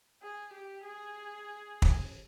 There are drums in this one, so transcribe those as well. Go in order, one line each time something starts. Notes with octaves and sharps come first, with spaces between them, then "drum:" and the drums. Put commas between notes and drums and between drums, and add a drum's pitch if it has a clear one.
G#4
G4
G#4
drum: kick